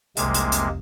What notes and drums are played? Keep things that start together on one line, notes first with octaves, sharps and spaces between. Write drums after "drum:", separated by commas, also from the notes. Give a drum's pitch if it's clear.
F1 C2 C3 G#3 A#3, drum: hi-hat
drum: hi-hat
drum: hi-hat